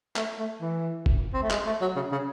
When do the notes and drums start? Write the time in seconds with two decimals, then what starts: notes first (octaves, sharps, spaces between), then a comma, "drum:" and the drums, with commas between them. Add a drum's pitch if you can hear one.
0.16 A3, drum: clap
0.39 A3
0.61 E3
1.06 drum: kick F#1
1.33 C4
1.42 A3
1.51 G#3, drum: clap
1.66 A3
1.81 F#3
1.96 C#3
2.12 C#3